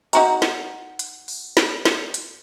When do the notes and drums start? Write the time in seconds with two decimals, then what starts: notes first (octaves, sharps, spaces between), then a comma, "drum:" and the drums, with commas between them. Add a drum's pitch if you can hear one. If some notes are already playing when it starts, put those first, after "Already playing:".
0.13 D#4 F#4 A#5, drum: hi-hat
0.42 drum: snare
0.99 drum: hi-hat
1.28 drum: open hi-hat
1.57 drum: snare
1.85 drum: snare
2.14 drum: hi-hat